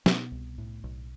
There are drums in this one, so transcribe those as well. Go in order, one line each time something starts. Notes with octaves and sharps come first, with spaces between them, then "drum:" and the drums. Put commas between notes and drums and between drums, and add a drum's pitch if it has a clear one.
B2 B3, drum: snare
C2
A2
B1